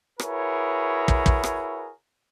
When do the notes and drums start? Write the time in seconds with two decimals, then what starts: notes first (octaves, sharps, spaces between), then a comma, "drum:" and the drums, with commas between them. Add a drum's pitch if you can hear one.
0.19 E4 F#4 G#4 A#4 B4 C#5, drum: rim click
1.08 drum: kick
1.26 drum: kick
1.44 drum: rim click